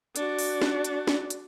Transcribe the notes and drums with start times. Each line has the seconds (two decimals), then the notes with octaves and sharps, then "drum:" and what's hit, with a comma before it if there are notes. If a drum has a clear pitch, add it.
0.16 D4 F#4, drum: hi-hat
0.39 drum: open hi-hat
0.62 drum: snare
0.84 drum: hi-hat
1.07 drum: snare
1.30 drum: hi-hat